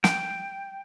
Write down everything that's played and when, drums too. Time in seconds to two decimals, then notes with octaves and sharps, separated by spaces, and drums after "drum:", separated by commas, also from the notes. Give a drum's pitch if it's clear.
0.04 G5, drum: snare